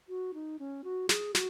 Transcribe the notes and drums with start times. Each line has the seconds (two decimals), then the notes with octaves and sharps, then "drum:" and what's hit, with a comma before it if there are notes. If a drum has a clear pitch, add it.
0.09 F#4
0.34 D#4
0.59 C#4
0.84 F#4
1.09 G#4, drum: snare
1.35 F#4, drum: snare